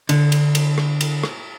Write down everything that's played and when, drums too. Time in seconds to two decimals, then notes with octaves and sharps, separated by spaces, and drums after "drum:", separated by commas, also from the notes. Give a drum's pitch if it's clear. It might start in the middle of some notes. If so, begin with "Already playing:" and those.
0.09 D3, drum: cymbal
0.32 drum: cymbal
0.55 drum: cymbal
0.78 drum: rim click
1.01 drum: cymbal
1.23 drum: rim click